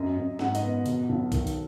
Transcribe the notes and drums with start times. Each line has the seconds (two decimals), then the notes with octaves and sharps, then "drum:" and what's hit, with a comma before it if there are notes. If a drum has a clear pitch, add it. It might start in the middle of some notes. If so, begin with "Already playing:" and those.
Already playing: F#2 D#5
0.17 F#2
0.39 G#2 F#5, drum: snare
0.55 D#5, drum: hi-hat
0.62 B3
0.86 B2, drum: hi-hat
1.09 B1
1.32 D#3, drum: kick B1, hi-hat
1.47 drum: hi-hat